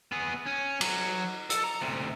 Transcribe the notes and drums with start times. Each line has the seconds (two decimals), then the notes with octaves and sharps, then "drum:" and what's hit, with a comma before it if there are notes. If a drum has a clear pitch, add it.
0.12 B3 G#4
0.46 C#4
0.81 F#3, drum: cymbal
1.50 A4, drum: hi-hat
1.64 A#5
1.81 D2 C3